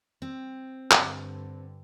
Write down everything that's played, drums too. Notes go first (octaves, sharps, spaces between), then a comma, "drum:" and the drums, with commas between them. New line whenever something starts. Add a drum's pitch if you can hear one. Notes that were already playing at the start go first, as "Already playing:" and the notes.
C4
G2 D3, drum: clap